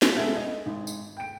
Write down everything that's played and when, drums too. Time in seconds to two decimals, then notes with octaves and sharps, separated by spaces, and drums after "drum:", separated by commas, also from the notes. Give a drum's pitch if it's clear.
0.02 drum: snare
0.15 G#3 B3 G#4 A4 E5 G#6
0.36 D#5
0.66 G#1
0.87 drum: tambourine
1.17 G5 D7